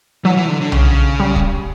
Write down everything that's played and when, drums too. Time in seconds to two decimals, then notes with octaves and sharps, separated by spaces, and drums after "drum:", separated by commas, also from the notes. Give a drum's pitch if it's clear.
0.25 E3 F#3
0.37 E3
0.49 D3
0.61 D3
0.72 C#3, drum: tom B1
1.20 G3
1.36 drum: kick